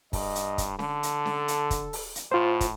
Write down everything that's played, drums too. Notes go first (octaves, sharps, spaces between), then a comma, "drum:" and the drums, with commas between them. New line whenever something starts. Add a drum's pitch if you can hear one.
G2 D#5, drum: kick, open hi-hat
drum: hi-hat
drum: kick, hi-hat
D3 A4, drum: snare C#4
drum: hi-hat
drum: snare C#4
drum: hi-hat
drum: kick, hi-hat
drum: open hi-hat
drum: hi-hat
A2 F4 C5
drum: kick, hi-hat